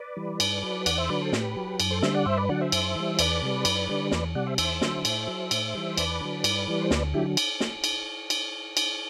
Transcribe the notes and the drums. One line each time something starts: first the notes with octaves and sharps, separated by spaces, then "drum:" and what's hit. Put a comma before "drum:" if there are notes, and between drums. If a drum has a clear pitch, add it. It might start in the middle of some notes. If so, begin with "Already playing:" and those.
Already playing: B4 D5
E3 G3
G2, drum: cymbal
F#3
E2 D5 F#5, drum: cymbal
C5 E5
D3 F#3 B4 D5
A4 C5
A2 G4 B4, drum: snare
F#3
F#2, drum: cymbal
A4 C5
D3 G3 C5 E5, drum: snare
D5 F#5
G2 C5 E5
B4 D5
D3 F#3 D5 F#5
C5 E5
F#2, drum: cymbal
E3 G3
E2 B4 D5, drum: cymbal
C3 G3
F#2, drum: cymbal
D3 G3
E2 B4 D5, drum: snare
C3 G3 D5 F#5
C5 E5
E2 C5 E5, drum: cymbal
D3 F#3, drum: snare
A2, drum: cymbal
F#3
A2, drum: cymbal
E3 G3
E2 B4 D5, drum: cymbal
D3 F#3
G2, drum: cymbal
E3 G3
C5
D2 B4 D5, drum: snare
D3 F#3 E4 G4
drum: cymbal
drum: snare
drum: cymbal
drum: cymbal
drum: cymbal